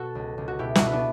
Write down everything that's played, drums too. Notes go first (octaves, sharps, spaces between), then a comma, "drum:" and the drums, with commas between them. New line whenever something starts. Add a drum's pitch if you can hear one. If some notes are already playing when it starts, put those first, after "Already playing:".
Already playing: B2 F#4 A4
C#2
C#2
F#4
B2 E4 G4
D4 F#4, drum: snare
B2 E4
B3 D4